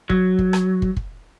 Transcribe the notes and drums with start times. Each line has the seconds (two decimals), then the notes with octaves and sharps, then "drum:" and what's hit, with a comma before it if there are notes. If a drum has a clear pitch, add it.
0.10 F#3, drum: kick
0.39 drum: kick
0.53 drum: rim click
0.82 drum: kick
0.97 drum: kick